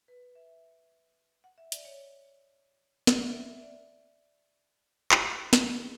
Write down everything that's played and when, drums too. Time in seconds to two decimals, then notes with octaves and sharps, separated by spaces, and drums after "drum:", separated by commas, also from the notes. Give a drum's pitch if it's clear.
0.08 B4
0.35 E5
1.44 F#5
1.58 E5
1.72 D5, drum: hi-hat
1.85 C#5
3.07 D5, drum: snare
3.20 E5
3.35 F#5
3.48 E5
3.62 D5
5.12 drum: clap
5.26 F#4
5.53 E4, drum: snare
5.79 G#4